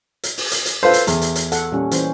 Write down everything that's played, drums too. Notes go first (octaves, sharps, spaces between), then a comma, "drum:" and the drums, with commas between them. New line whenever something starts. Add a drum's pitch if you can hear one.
drum: hi-hat
drum: open hi-hat
drum: hi-hat
drum: hi-hat
F4 A4 B4 C5
drum: hi-hat
E2, drum: hi-hat
drum: hi-hat
drum: hi-hat
A4 F#5, drum: hi-hat
A#2 G3 C#4
E3 C#4 C5, drum: hi-hat